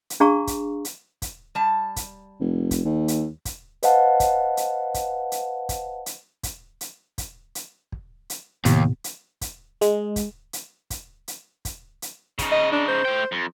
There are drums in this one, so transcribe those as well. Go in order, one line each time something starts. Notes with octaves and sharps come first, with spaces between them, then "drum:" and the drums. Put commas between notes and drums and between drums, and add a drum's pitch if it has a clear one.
drum: hi-hat
D4 G#4 F5 A#5 C#6
drum: kick, hi-hat
drum: hi-hat
drum: kick, hi-hat
G3 A5
drum: kick, hi-hat
F1
drum: kick, hi-hat
D#2
drum: hi-hat
drum: kick, hi-hat
B4 C5 D#5 F5 F#5 A5, drum: hi-hat
drum: kick, hi-hat
drum: hi-hat
drum: kick, hi-hat
drum: hi-hat
drum: kick, hi-hat
drum: hi-hat
drum: kick, hi-hat
drum: hi-hat
drum: kick, hi-hat
drum: hi-hat
drum: kick
drum: hi-hat
D#2 A2 C3 B3, drum: kick, hi-hat
drum: hi-hat
drum: kick, hi-hat
G#3, drum: hi-hat
drum: kick, hi-hat
drum: hi-hat
drum: kick, hi-hat
drum: hi-hat
drum: kick, hi-hat
drum: hi-hat
C#3 D#4, drum: kick, hi-hat
D#5
D4
C5
A3 G5
F2